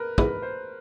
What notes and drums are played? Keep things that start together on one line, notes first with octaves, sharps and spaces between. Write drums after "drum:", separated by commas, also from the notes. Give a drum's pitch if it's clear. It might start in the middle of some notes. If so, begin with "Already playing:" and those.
Already playing: A#4 B4
G#2 E3 G#3 B3 B4, drum: kick
C5